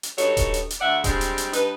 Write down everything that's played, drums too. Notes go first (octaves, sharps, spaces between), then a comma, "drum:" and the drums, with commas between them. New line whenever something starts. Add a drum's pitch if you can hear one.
drum: hi-hat
G2 F#3 D#4 A4 C#5, drum: hi-hat
drum: kick D#1, hi-hat
drum: hi-hat
drum: hi-hat
D2 D5 E5 F#5
G3 G#3 C4 D4, drum: kick D#1, hi-hat
drum: hi-hat
drum: hi-hat
G2 D#4 B4, drum: hi-hat